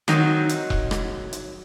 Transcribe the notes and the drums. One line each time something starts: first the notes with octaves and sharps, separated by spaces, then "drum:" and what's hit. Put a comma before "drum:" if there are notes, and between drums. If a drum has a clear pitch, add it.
D#3 F#3 C4 D#4, drum: rim click
drum: hi-hat
drum: kick E1
drum: rim click
drum: hi-hat